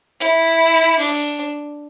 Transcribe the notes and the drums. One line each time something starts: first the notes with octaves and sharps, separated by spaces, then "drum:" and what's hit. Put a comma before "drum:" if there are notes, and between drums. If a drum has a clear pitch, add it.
E4
D4, drum: open hi-hat